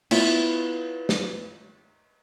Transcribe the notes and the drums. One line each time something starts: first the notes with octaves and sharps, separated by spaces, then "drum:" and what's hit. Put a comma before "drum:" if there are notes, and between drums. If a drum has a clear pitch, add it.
B3 E4 F4, drum: cymbal
drum: snare